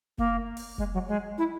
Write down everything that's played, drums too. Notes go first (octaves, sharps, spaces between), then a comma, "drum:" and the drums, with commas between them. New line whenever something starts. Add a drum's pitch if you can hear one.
A#3, drum: kick F1
drum: open hi-hat
G#3, drum: kick F1
F#3
G#3
E4